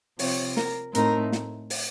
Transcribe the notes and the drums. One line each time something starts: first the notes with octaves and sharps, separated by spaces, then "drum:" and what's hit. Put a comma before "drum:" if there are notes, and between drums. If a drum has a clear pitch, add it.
C3 F3 C4 C#5, drum: open hi-hat
A#4, drum: snare
A2 A3 C4 D#4 A#4, drum: hi-hat
drum: snare
drum: open hi-hat